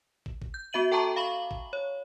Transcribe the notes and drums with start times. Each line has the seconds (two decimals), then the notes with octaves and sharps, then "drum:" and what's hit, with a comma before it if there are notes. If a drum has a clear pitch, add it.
0.26 drum: kick
0.42 drum: kick
0.54 G6
0.73 B3 F#4 E5 D#7 F#7
0.91 A4 G5 A5 A#5 C#6 D6
1.16 F5 B5 C#6 F#7
1.51 drum: kick
1.73 C#5